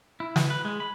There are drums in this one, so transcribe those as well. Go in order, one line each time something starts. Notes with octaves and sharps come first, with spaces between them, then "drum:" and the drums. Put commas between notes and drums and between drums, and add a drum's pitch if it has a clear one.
E4
E3, drum: snare
B4
G#3
B5